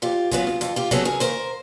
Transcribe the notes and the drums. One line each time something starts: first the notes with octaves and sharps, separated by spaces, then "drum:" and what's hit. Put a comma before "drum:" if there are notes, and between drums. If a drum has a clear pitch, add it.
F2 F4 G4
C#3 F#3 B3 F4, drum: kick, hi-hat
drum: snare
F2 F4, drum: hi-hat
F4 G4
C#3 F#3 B3 G4 A4, drum: kick, hi-hat
G#4 A#4, drum: snare
D#2 A#4 C5, drum: hi-hat